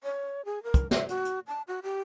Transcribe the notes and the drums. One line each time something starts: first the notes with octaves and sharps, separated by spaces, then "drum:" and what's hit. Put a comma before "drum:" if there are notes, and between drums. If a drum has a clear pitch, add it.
C#5
G#4
A#4
drum: kick, hi-hat
E5, drum: snare
F#4, drum: hi-hat
drum: hi-hat
A5
F#4
G4